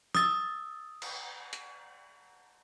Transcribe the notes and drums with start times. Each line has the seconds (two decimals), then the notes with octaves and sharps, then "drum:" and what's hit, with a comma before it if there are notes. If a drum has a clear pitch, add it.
0.15 D#6 E6 A6, drum: snare
1.02 drum: cymbal
1.53 drum: hi-hat